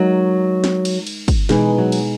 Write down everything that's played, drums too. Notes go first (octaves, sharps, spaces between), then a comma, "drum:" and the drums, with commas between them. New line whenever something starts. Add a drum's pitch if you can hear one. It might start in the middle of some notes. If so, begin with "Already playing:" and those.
Already playing: F#3 G#3 D#4 A#4
drum: snare
drum: cymbal
drum: cymbal
drum: kick, cymbal
B2 E3 G#3 D#4 G#4, drum: snare
F#3
drum: cymbal